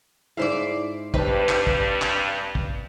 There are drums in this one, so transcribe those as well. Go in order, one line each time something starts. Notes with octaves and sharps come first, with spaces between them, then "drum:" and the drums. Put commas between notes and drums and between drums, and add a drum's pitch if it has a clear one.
G#2 E4 C5 D5 F5
G2 C4 D4 D#4 B4, drum: kick
drum: clap
drum: kick
drum: clap
drum: kick